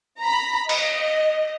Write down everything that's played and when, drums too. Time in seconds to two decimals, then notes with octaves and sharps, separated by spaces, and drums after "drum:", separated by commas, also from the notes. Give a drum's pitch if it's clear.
0.20 A#5 B5
0.69 D#5, drum: cymbal